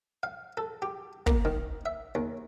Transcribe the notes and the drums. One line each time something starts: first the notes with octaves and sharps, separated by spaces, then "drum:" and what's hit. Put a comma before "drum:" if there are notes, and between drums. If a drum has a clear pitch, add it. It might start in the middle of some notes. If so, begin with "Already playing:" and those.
F5
A4
G4
A#3, drum: kick
D#3
E5
D#2